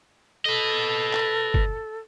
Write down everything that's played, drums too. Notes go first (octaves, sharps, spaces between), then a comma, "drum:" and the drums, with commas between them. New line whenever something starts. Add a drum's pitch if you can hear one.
A4 B4 D#5
drum: clap
drum: kick